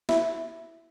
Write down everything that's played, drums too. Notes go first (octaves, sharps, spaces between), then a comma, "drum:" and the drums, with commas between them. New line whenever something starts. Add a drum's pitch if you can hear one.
E4, drum: snare